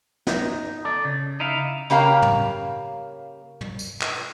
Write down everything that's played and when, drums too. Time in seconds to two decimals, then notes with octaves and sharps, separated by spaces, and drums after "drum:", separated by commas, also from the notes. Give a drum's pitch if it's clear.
0.27 D#4, drum: snare
0.85 A4 D5
1.05 C#3
1.40 D#4 E4 F5
1.90 C#3 A#3 G4 F5 A#5
2.22 drum: tom
3.61 drum: tom
3.79 drum: tambourine
4.02 drum: clap